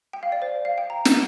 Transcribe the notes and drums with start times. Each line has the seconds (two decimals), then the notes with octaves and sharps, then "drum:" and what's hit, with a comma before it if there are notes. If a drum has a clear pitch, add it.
0.13 G5
0.23 F5
0.32 D5
0.42 C5
0.65 F5
0.78 G5
0.90 A#5
1.05 drum: snare